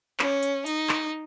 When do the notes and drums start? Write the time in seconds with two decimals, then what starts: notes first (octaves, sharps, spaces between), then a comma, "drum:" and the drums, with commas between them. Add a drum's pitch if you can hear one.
0.19 C#4, drum: clap
0.43 drum: hi-hat
0.66 D#4, drum: hi-hat
0.89 drum: clap